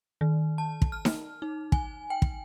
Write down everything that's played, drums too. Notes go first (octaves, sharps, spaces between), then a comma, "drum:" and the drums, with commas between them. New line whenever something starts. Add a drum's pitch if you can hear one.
D#3
A5
drum: kick
F6
drum: snare D#4
D#4
G#5, drum: kick
G5
drum: kick